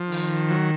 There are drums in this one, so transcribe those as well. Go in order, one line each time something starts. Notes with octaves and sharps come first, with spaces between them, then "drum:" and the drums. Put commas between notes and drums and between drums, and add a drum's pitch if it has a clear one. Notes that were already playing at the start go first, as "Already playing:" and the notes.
Already playing: F3
D#3, drum: open hi-hat
F#3